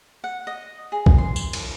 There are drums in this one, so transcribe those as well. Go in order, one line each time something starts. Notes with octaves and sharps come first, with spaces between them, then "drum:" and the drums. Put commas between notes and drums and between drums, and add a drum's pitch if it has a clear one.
F#5
D#5
G#4
drum: kick
C6
drum: tambourine
drum: cymbal